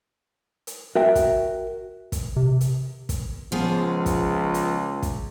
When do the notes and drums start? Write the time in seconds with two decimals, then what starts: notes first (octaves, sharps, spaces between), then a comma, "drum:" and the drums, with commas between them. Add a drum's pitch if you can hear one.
0.67 drum: hi-hat
0.95 F#4 A#4 E5 G5
1.15 drum: kick, hi-hat
2.12 drum: kick, hi-hat
2.36 C3
2.61 drum: hi-hat
3.09 drum: kick, hi-hat
3.52 C#2 F3 B3 G#4
4.06 drum: kick, hi-hat
4.54 drum: hi-hat
5.03 drum: kick, hi-hat